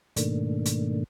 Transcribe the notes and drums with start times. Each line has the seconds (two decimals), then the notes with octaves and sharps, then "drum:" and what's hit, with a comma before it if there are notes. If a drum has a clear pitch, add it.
0.16 G#2 B2 D#3 A3 A#3 D4, drum: hi-hat
0.65 drum: hi-hat